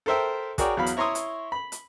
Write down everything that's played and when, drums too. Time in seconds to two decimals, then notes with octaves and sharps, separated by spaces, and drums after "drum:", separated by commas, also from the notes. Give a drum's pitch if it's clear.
0.06 A4 A#4 C5 E5 G5
0.58 F#4 G#4 A#4 C#5 D5 G5, drum: kick, hi-hat
0.77 E2 F#3 F5 B5
0.86 drum: hi-hat
0.97 E4 C#5 A#5 C6 C#6 D#6
1.15 drum: hi-hat
1.52 B5
1.72 drum: hi-hat